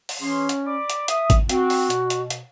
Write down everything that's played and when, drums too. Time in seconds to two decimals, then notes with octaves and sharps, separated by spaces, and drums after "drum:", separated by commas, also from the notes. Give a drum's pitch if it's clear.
0.09 drum: open hi-hat
0.21 E3 C#4 G#4 C6
0.49 drum: hi-hat
0.66 D5 B5 D6
0.90 drum: hi-hat
1.08 E5 D#6, drum: hi-hat
1.30 drum: kick G#1, hi-hat
1.49 C4 F#4, drum: hi-hat
1.70 drum: open hi-hat
1.90 B2, drum: hi-hat
2.10 drum: hi-hat
2.30 drum: hi-hat